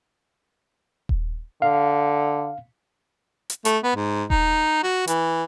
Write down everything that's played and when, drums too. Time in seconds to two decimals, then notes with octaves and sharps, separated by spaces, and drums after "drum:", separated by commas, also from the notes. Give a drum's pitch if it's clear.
1.09 drum: kick D#1
1.62 D3 F5
3.50 drum: hi-hat
3.65 A3, drum: hi-hat
3.84 B3
3.96 G#2
4.30 D#4, drum: kick D#1
4.83 F#4
5.07 E3, drum: hi-hat